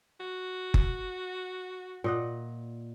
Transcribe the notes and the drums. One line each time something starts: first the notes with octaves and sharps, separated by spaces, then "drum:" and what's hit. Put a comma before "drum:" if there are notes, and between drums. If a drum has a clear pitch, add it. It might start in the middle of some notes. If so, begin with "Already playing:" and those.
F#4
drum: kick F#1
A#2 D#5 F#5